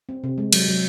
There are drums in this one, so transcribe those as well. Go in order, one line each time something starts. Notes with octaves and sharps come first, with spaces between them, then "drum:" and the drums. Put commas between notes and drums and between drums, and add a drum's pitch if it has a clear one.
C4
C3
G#3
F#3, drum: cymbal
F#3